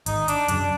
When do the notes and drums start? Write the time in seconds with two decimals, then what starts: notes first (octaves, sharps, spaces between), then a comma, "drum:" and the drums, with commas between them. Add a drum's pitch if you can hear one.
0.06 G#1 D#4, drum: hi-hat
0.28 D4, drum: hi-hat
0.48 F#2 C#3 D4, drum: hi-hat